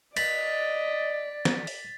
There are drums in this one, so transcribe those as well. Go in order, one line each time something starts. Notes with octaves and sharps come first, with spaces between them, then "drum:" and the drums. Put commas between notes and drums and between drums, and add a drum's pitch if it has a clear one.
D5 D#5 A#5 B5 A6 B6, drum: cymbal
drum: snare
drum: open hi-hat